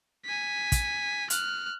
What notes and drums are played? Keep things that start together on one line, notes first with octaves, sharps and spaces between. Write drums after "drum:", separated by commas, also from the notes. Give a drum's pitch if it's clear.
G#5 B6
drum: kick, hi-hat
F6 F#6, drum: hi-hat